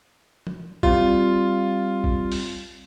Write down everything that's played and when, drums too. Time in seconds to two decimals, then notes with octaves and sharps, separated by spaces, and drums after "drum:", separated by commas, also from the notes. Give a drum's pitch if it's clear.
0.47 drum: tom
0.83 G3 C4 F4, drum: kick
2.04 drum: kick
2.32 drum: open hi-hat